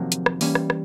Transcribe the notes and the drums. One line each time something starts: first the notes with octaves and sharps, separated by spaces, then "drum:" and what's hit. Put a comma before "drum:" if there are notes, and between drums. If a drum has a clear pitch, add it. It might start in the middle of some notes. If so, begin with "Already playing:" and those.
Already playing: F2 C3 D#3 F#3 A#3
drum: hi-hat
drum: rim click
E3 G3 A#3 C#4, drum: open hi-hat
drum: rim click
drum: rim click